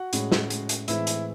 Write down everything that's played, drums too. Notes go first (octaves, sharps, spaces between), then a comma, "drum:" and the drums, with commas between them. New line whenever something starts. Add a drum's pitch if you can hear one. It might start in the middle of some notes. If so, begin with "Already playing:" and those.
Already playing: F#4 F#5
A2 G#3 C#4, drum: hi-hat
drum: snare
drum: hi-hat
drum: hi-hat
A2 E3 G#3 C4 E4 E5, drum: hi-hat
drum: hi-hat